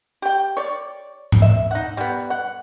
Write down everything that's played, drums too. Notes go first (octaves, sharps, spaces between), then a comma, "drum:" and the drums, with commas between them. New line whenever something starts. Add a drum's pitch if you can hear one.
G4 G5
C#5 D5
drum: tom G#2
E5
D#4 F#5
G3 B3
F#5